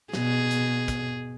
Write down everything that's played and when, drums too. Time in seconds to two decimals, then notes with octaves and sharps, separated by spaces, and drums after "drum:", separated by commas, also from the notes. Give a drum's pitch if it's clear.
0.13 B2 G#4, drum: snare
0.51 drum: hi-hat
0.88 drum: kick, hi-hat